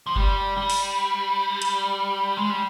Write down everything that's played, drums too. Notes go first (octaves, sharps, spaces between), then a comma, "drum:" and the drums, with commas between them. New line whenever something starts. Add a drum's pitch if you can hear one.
F3
G3, drum: kick F#1
G3
drum: open hi-hat
drum: hi-hat
G#3
G3